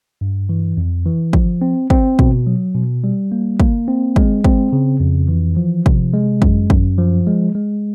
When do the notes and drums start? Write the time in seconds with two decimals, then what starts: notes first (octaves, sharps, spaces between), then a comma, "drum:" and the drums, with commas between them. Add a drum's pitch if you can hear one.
0.21 G2
0.49 E3
0.77 F2
1.06 E3
1.33 F3, drum: kick
1.62 C4
1.90 C4, drum: kick
2.19 B2, drum: kick
2.47 F#3
2.75 B2
3.04 G3
3.32 A#3
3.60 A#3, drum: kick
3.88 C4
4.16 G#3, drum: kick
4.44 C4, drum: kick
4.73 C#3
5.00 F2
5.28 E3
5.57 F3
5.86 C3, drum: kick
6.14 G#3
6.42 F#2, drum: kick
6.70 F#2, drum: kick
6.98 F3
7.27 G#3
7.55 G#3